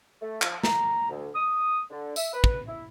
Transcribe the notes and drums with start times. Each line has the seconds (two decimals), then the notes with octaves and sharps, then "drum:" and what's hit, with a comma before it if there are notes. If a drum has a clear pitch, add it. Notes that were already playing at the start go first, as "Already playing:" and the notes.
0.21 A3
0.42 F3, drum: clap
0.64 A#5, drum: snare
1.10 D2
1.34 D#6
1.91 D3
2.16 E5, drum: tambourine
2.33 B4
2.44 drum: kick
2.67 E4